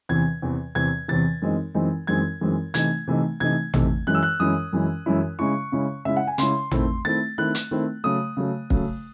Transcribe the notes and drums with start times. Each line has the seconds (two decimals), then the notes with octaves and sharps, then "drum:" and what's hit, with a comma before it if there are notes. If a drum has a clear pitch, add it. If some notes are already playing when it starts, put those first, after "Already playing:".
0.09 E2 C3 E3 G#6
0.42 E2 C3 E3
0.75 E2 C3 E3 G#6
1.08 E2 C3 E3 A6
1.42 F#2 E3 G#3 C4 D#4
1.74 F#2 E3 G#3 C4 D#4
2.07 F#2 E3 G#3 C4 D#4 G#6
2.41 F#2 E3 G#3 C4 D#4
2.74 C3 E3 A3 D#4 G#6, drum: hi-hat
3.07 C3 E3 A3 D#4
3.40 C3 E3 A3 D#4 G#6
3.74 C3 E3 A3 D#4, drum: tom A1
4.07 F#2 E3 G#3 C#4 E4 F#6
4.15 E6
4.23 F#6
4.40 F#2 E3 G#3 C#4 E4 D#6
4.73 F#2 E3 G#3 C#4 E4
5.06 F#2 E3 G#3 C#4 E4
5.39 C#3 G#3 C#4 E4 C#6
5.72 C#3 G#3 C#4 E4
6.05 C#3 G#3 C#4 E4 E5
6.17 F#5
6.27 G#5
6.38 C#3 G#3 C#4 E4 C6, drum: hi-hat
6.71 D#3 A3 C4 E4, drum: tom A1
7.05 D#3 A3 C4 E4 A6
7.38 D#3 A3 C4 E4 F#6
7.55 drum: hi-hat
7.71 D#3 A3 C4 E4
8.04 C#3 F#3 A3 D#6
8.37 C#3 F#3 A3
8.70 C#3 F#3 A3, drum: kick